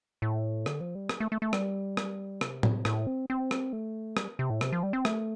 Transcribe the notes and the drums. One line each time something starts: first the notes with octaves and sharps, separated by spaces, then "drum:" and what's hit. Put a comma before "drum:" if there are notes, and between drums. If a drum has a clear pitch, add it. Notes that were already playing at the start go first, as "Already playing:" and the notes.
A2
D3, drum: rim click
F3
G3
drum: rim click
A3
A3
A3
G3, drum: rim click
drum: rim click
C3, drum: rim click
drum: tom A2
A2, drum: rim click
C4
C4
drum: rim click
A3
G3, drum: rim click
C3
A2
C3, drum: rim click
F3
G3
C4
A3, drum: rim click